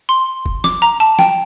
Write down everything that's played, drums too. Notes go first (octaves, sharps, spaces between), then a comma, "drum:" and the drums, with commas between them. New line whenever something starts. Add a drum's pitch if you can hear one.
C6
drum: kick F#1
D6, drum: snare
A#5
A5
G5, drum: snare